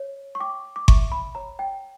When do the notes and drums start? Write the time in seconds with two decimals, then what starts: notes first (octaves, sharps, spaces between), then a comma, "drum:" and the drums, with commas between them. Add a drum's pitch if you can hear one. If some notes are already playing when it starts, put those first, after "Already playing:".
Already playing: C#5
0.35 C#6
0.40 G5 D6
0.76 D6
0.88 E5 C#6, drum: kick G1
1.12 B5
1.35 C#5 A#5
1.59 G5